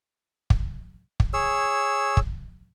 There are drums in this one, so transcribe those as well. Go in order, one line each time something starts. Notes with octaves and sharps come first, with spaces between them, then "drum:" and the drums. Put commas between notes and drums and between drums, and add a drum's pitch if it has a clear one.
drum: kick
drum: kick
G#4 C#5 E6
drum: kick